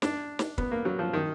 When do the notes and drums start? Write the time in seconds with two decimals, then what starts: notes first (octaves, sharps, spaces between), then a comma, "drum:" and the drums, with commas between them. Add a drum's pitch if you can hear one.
0.02 D4, drum: snare
0.39 drum: snare
0.58 B3, drum: kick
0.71 A#3
0.85 F#3
0.99 F3
1.13 D#3